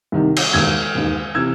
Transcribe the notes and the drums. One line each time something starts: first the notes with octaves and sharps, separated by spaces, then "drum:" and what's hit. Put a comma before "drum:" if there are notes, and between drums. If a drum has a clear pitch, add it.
C2 C3 D#3
drum: cymbal
E1 D#2 D#3 E6 G#6
E1 D#2 D#3
C3 E3 E6 G#6